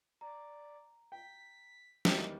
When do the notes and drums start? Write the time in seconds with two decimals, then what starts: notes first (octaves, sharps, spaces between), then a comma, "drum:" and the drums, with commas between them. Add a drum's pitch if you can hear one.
0.21 D5 A#5
1.12 G5 B6
2.05 E2 D#3 G3 G#3 D#5 G5, drum: snare